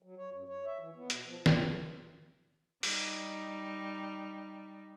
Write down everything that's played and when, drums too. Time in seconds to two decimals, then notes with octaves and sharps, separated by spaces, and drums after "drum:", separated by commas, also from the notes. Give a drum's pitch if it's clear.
0.02 F#3
0.17 C#5
0.32 F#2
0.49 C#5
0.65 E5
0.79 E3
0.96 B3
1.10 B2, drum: hi-hat
1.24 F3
1.46 drum: snare
2.83 G3 D#4, drum: open hi-hat